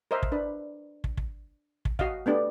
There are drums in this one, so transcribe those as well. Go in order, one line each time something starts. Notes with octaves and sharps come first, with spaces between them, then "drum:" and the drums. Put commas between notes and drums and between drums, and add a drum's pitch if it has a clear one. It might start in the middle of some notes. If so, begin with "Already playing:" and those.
A#4 C5 D#5 E5
drum: kick
D4 B4
drum: kick
drum: kick
drum: kick
F#4 D#5 F5, drum: kick
A3 B3 D4 G4